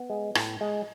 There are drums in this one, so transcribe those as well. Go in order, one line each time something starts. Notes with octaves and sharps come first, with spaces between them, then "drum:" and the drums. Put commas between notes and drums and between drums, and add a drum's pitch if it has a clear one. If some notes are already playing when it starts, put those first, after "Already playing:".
Already playing: B3
G#3
A2, drum: rim click
G#3